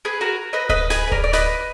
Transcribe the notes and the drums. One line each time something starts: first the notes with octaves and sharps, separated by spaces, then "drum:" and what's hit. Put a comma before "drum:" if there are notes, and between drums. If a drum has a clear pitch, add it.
G#4 B4
F#4 A#4
B4 D#5
B4 D#5, drum: kick D1
G#4 B4, drum: snare
B4
A#4 D5, drum: kick D1
D5
B4 D#5, drum: snare